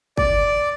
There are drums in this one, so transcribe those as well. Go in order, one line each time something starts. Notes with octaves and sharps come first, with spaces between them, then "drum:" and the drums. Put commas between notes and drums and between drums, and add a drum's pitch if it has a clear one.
D5, drum: kick